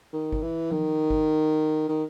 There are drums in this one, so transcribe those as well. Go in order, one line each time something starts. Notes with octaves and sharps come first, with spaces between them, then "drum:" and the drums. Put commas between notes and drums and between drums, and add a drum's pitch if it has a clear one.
D#3
drum: kick G#1
E3
D#3, drum: tom F3
drum: kick G#1
D#3